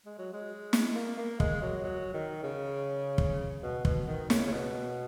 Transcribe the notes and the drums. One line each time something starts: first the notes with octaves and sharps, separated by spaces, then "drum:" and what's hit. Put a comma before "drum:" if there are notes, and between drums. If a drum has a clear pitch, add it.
G#3
F#3
G#3
drum: snare
A#3
A#3
G#3, drum: kick
F#3
F#3
D#3
C#3
drum: kick
B2
B2, drum: kick
D#3
C#3, drum: snare
C#3
B2